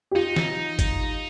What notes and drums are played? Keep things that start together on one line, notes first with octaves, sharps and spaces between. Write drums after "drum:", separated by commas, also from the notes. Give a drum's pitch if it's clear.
G4
D#4 F4
drum: snare
drum: kick G1, hi-hat